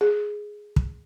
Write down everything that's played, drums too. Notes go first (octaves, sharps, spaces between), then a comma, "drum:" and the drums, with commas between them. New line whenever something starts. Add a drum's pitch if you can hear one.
G#4
drum: kick